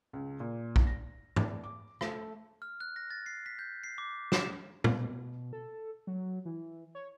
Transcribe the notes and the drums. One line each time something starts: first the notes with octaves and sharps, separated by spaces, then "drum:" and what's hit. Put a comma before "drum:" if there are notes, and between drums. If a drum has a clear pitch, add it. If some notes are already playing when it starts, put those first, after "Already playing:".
C#2
A#2
drum: kick
A#6
D5, drum: tom
D6
A3, drum: rim click
F6
F#6
A#6
A6
C7
B6
G6
C7
D6
E7, drum: snare
B2, drum: tom A#2
A4
F#3
E3
C#5